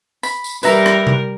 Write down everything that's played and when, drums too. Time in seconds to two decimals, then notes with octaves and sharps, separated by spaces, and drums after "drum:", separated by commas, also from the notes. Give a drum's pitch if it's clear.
0.23 B5, drum: tambourine
0.44 drum: tambourine
0.63 G3 A#4 B4 E5 A#5, drum: tambourine
0.86 drum: rim click
1.07 drum: tom C3